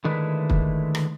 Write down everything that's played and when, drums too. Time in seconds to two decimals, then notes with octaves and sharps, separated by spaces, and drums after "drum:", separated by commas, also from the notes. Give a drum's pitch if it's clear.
0.05 D3 D#3 G#3 A3 E4 B4
0.50 drum: kick
0.95 drum: rim click